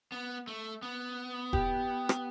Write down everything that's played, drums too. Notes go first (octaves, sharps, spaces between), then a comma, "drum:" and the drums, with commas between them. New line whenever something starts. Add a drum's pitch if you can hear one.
B3
A3
B3
G4, drum: kick E1
drum: rim click